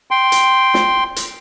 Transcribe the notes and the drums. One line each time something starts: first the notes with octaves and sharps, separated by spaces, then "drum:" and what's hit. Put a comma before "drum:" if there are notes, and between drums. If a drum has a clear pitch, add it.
G5 C6
drum: hi-hat
drum: snare
drum: hi-hat